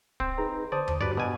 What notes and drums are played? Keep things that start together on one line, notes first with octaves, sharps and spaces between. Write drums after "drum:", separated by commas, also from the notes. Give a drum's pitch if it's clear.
C4, drum: kick
D#4 G#4 B4 A#5
D3 C5 D5 A5 D#6
drum: tom D#2
C#2 G2 F#4 G4 B4 D5
B2 G#5 A5